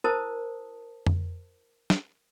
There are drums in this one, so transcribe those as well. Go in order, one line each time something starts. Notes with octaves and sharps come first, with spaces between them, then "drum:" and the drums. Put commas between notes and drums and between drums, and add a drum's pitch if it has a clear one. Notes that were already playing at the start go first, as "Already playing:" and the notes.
E4 A#4 C5 A5 D#6
drum: tom F2
drum: snare